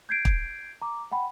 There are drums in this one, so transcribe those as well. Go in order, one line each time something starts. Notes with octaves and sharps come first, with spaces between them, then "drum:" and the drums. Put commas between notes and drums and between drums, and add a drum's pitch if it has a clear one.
G6 G#6 C7 D7
drum: kick
A#5 D6
F#5 G5 B5